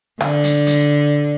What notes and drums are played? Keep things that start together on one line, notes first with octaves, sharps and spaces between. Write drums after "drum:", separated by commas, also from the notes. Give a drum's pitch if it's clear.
D3, drum: rim click
drum: hi-hat
drum: hi-hat